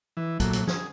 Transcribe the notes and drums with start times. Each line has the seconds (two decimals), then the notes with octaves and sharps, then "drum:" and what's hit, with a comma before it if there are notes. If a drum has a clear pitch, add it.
0.17 E3
0.40 A#2 F#3 A3, drum: kick, hi-hat
0.53 drum: hi-hat
0.67 G#4, drum: snare